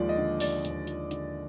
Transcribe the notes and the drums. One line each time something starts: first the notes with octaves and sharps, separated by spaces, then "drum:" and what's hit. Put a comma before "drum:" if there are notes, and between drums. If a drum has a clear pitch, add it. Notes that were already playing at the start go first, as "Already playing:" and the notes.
Already playing: D#2 F3 G#3 D5
D#5
D3
G#3 D5, drum: open hi-hat
D#2, drum: hi-hat
F3, drum: hi-hat
D3, drum: hi-hat